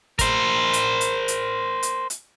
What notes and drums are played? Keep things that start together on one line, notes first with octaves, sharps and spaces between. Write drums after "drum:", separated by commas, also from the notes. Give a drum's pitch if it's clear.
A#4 C5, drum: kick, hi-hat
drum: hi-hat
drum: hi-hat
drum: hi-hat
drum: hi-hat
drum: hi-hat